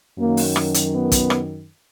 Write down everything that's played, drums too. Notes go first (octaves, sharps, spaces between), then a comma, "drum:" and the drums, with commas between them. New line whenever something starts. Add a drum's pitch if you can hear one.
F#2 D#3 F#3 A#3
drum: open hi-hat
drum: rim click
drum: hi-hat
B3
drum: kick, hi-hat
drum: rim click